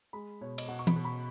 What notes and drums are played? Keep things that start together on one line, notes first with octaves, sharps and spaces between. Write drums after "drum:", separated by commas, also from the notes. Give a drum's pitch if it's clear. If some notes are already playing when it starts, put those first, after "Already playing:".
G#3 B5
B2 C#5
D#5, drum: cymbal
B2 F#5
C#6
B5, drum: tom E3
B2
B5